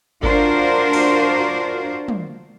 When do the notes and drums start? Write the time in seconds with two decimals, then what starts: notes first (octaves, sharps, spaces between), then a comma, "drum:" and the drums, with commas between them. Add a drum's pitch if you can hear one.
0.23 D4 F4 F#4 A#4 C5, drum: kick G#1
0.93 drum: open hi-hat
2.08 drum: tom